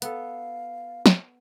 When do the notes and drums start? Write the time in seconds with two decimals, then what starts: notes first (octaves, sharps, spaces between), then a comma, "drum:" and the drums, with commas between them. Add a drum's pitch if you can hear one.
0.02 B3 A4 F5, drum: hi-hat
1.06 drum: snare